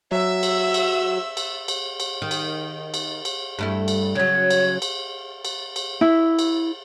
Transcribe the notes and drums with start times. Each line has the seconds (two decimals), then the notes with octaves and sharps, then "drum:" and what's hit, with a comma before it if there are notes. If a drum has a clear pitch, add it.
0.12 F#3 E5 E6
0.43 drum: cymbal
0.74 drum: cymbal
1.37 drum: cymbal
1.68 drum: cymbal
2.00 drum: cymbal
2.22 D#3
2.31 drum: cymbal
2.94 drum: cymbal
3.25 drum: cymbal
3.59 G2 A3 E4
3.88 drum: cymbal
4.15 C#3 F#3 C#5
4.50 drum: cymbal
4.82 drum: cymbal
5.45 drum: cymbal
5.76 drum: cymbal
6.01 E4
6.39 drum: cymbal